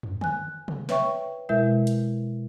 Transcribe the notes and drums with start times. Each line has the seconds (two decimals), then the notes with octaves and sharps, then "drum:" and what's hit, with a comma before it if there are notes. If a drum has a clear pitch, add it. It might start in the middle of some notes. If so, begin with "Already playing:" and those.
0.03 drum: tom
0.21 G#5 F#6, drum: tom D3
0.68 drum: tom C3
0.89 B4 C#5 E5 G5 C#6, drum: snare
1.49 B2 G#3 E4 A#4 E5 G6
1.87 drum: hi-hat